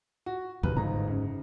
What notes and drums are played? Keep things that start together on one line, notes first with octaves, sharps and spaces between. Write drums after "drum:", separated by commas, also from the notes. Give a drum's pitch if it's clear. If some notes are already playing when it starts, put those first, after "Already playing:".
F#4
F#1 D#2 B4, drum: tom
G1 G#2 A#5
F#2 C#3